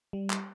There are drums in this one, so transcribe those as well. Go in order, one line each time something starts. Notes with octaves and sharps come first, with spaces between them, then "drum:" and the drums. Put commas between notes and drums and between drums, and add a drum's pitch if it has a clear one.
G3
drum: clap